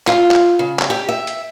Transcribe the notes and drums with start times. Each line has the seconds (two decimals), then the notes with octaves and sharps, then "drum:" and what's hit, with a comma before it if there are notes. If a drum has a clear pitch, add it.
0.07 F4, drum: clap
0.31 drum: clap
0.59 C#3
0.79 drum: clap
0.90 G4
1.09 E5
1.27 drum: hi-hat